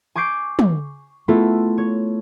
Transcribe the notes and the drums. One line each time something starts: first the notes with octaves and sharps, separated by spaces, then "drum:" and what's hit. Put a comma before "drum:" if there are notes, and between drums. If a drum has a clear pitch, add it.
G#5 C#6 D6 G6 C7 D7
drum: tom
A3 B3 E4 F4 A4
C#5